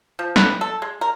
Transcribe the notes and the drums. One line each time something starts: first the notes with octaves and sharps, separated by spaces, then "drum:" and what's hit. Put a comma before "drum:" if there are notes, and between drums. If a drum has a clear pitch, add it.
F3
B4, drum: snare
A4
G#3
A#4